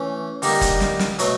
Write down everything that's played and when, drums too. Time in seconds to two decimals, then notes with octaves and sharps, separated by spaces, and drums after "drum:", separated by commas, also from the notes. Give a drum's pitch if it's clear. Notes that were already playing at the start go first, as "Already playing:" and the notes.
Already playing: E3 A3 C#4
0.42 D3 G3 A#3 D#4, drum: open hi-hat
0.61 drum: kick, hi-hat
0.80 drum: snare
0.99 drum: snare
1.19 B2 F#3 A3, drum: hi-hat